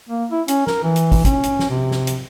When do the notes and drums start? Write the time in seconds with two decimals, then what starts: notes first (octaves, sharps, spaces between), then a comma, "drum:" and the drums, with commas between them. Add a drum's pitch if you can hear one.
0.09 A#3
0.32 E4
0.48 C#4, drum: hi-hat
0.67 A#4, drum: snare
0.83 E3
0.96 drum: hi-hat
1.12 drum: kick, open hi-hat
1.25 C#4, drum: kick, hi-hat
1.43 drum: hi-hat
1.59 drum: snare
1.70 C3
1.91 drum: snare
2.07 drum: hi-hat